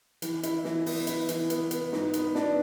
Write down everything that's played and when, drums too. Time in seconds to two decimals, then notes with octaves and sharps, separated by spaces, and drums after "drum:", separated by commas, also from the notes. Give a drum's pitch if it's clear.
0.22 E3, drum: hi-hat
0.43 E4, drum: hi-hat
0.65 E3, drum: snare
0.86 B3, drum: open hi-hat
1.07 E4, drum: hi-hat
1.29 E3, drum: hi-hat
1.50 B3, drum: hi-hat
1.71 B3, drum: hi-hat
1.93 G#2, drum: snare
2.13 B3, drum: hi-hat
2.35 D4, drum: snare